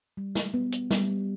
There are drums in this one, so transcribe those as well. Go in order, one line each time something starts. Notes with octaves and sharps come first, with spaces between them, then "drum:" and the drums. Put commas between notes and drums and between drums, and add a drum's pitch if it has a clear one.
G3
drum: snare
B3
drum: hi-hat
G3, drum: snare